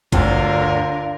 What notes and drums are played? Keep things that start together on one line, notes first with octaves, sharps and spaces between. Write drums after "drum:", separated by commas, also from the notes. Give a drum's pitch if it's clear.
G1 D2 D3 F4 A#4, drum: kick